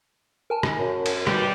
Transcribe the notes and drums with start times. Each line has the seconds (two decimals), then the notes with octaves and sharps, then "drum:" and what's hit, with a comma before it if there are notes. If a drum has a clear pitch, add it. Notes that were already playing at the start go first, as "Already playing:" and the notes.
0.50 A#4 G#5 A5
0.63 drum: rim click
0.79 F#2
1.06 drum: cymbal
1.27 B2 G3 G4, drum: rim click